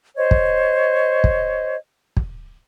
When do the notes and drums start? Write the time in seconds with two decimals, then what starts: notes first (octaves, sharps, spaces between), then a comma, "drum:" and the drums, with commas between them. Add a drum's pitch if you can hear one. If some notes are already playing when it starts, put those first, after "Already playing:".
0.16 C5 C#5 D#5
0.31 drum: kick
1.24 drum: kick
2.17 drum: kick